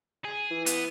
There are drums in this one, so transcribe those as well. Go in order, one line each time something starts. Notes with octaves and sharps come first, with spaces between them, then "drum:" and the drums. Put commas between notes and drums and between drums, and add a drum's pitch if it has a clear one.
G#4
E3
B3, drum: hi-hat